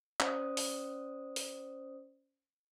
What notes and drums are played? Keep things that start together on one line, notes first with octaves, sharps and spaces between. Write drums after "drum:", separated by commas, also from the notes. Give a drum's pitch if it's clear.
C#4 C5 D5 D#6, drum: clap
drum: open hi-hat
drum: open hi-hat